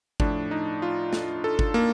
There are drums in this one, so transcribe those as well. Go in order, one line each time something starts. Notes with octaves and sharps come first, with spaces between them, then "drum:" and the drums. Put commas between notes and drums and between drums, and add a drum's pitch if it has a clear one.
A2 F3 D4, drum: kick G1
D#4
F4
drum: snare
A4
drum: kick G1
A#3